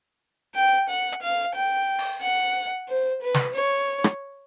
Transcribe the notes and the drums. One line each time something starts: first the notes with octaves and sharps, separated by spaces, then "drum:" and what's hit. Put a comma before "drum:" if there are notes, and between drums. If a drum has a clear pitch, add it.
G5
F#5
drum: hi-hat
F5
G5
drum: open hi-hat
F#5
C5
B4
drum: snare
C#5
drum: rim click